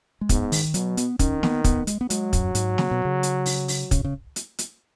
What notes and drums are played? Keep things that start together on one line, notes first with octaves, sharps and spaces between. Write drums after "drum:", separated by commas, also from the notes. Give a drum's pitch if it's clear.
G#3
G#2 B3, drum: kick, hi-hat
D#3, drum: open hi-hat
B2 F#3, drum: hi-hat
B3, drum: hi-hat
D#3 C#4, drum: kick, hi-hat
B3, drum: snare
B3, drum: kick, hi-hat
G#3, drum: hi-hat
B3
F#3 G#3, drum: hi-hat
F#2, drum: kick, hi-hat
G#2, drum: hi-hat
C#3, drum: snare
B2
C#3
drum: hi-hat
drum: open hi-hat
drum: open hi-hat
C#3, drum: kick, hi-hat
C#3
drum: hi-hat
drum: hi-hat